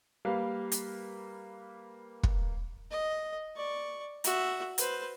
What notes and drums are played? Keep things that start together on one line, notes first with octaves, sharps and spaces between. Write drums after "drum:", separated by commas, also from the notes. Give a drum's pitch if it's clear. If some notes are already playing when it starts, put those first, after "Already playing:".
G3 A#3 B4 F5
drum: hi-hat
drum: kick
D#5
D5 C#6
F#4 E5, drum: hi-hat
B4 C5, drum: hi-hat